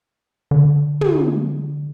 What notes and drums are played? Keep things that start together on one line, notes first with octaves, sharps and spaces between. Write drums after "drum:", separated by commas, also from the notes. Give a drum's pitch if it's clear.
D3
drum: tom